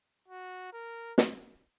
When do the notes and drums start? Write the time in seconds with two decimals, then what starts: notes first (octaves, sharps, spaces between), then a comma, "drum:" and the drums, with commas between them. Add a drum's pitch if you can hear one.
0.28 F#4
0.73 A#4
1.18 drum: snare